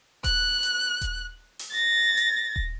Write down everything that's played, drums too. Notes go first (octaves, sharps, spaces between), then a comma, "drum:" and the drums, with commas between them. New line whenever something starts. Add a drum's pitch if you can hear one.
F#6, drum: kick D#1, hi-hat
drum: hi-hat
drum: kick D#1, hi-hat
drum: open hi-hat
A6 A#6
drum: hi-hat
drum: kick D#1